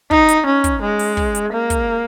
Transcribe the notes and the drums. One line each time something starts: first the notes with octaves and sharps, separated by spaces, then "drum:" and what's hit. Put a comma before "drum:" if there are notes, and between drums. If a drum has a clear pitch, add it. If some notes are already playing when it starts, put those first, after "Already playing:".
D#4, drum: kick
drum: hi-hat
C#4
drum: kick, hi-hat
G#3
drum: open hi-hat
drum: kick
drum: hi-hat
A#3
drum: kick, hi-hat